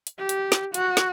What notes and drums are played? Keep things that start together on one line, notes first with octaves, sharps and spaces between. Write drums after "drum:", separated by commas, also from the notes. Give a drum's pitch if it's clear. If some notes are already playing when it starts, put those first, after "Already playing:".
drum: hi-hat
G4
drum: hi-hat
drum: snare
F#4, drum: hi-hat
drum: snare